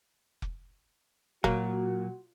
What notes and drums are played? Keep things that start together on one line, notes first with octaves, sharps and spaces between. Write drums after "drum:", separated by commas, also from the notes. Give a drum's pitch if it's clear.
drum: kick F1
A#2 F#3 A#3 F#4, drum: kick F1